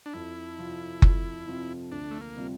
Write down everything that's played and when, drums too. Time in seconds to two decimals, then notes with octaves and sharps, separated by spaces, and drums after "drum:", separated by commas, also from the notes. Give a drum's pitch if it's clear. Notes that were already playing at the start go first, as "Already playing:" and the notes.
0.06 D4
0.13 F2 E4
0.58 C3 F3 C4 F4
1.02 F2, drum: kick F#1
1.47 C3 F3 C4 F4
1.91 D2 D4
2.11 A3
2.21 A#3
2.35 C3 G3 C4 F4